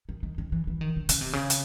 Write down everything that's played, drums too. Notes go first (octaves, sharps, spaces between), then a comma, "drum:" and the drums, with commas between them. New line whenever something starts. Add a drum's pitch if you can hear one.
D#3
D#3
D#3
E3
E3
D#3
D3
C#3, drum: hi-hat
C3
C#3
drum: hi-hat